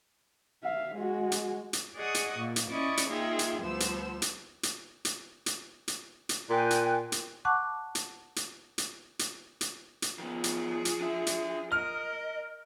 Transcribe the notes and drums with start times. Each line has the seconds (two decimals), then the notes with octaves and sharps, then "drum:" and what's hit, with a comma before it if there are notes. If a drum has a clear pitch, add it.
0.63 E5 F5
0.94 G#3 F#4
1.32 drum: hi-hat
1.73 drum: hi-hat
1.95 G#4 D5 D#5 F#5 C#6 D#6
2.14 drum: hi-hat
2.38 A#2
2.56 drum: hi-hat
2.71 C#4 E4 D5 D#5 C#6 D#6
2.97 drum: hi-hat
3.10 A#3 D#4 F4 G#4 E5 G5
3.39 drum: hi-hat
3.62 D2 F3 G3 B3 C5 E6
3.80 drum: hi-hat
4.22 drum: hi-hat
4.63 drum: hi-hat
5.05 drum: hi-hat
5.46 drum: hi-hat
5.88 drum: hi-hat
6.29 drum: hi-hat
6.50 A#2 G5 G#5 F#6
6.71 drum: hi-hat
7.12 drum: hi-hat
7.45 F#5 A5 C#6 D6 F#6
7.95 drum: hi-hat
8.36 drum: hi-hat
8.78 drum: hi-hat
9.19 drum: hi-hat
9.61 drum: hi-hat
10.02 drum: hi-hat
10.19 D#3 F3 B3 G#4
10.44 drum: hi-hat
10.85 drum: hi-hat
11.01 D4 E5
11.27 drum: hi-hat
11.72 A#4 D#5 F6